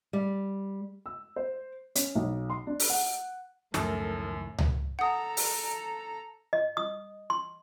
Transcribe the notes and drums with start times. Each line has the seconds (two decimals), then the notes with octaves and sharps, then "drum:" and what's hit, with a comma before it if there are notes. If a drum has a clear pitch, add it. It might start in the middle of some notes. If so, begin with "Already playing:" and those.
0.13 G3
1.06 E6
1.36 C5
1.95 C#4, drum: hi-hat
2.15 B1
2.50 C6
2.67 D4
2.80 drum: open hi-hat
2.90 F#5
3.74 C#2 F#2 A2 D#3 F3 A4 A#4 A5, drum: snare
4.58 drum: tom C#2
4.99 A4 F#5 A#5 D#6
5.37 drum: open hi-hat
6.53 D#5
6.77 D#6
7.30 C6